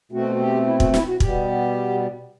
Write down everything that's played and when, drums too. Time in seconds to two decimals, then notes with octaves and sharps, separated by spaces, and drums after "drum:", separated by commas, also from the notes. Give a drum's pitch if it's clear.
0.12 B2 A3 C4 F#4
0.39 G4
0.67 E4
0.80 F#4, drum: kick
0.94 E4, drum: snare
1.07 F#4
1.20 B2 G3 B3 G4, drum: kick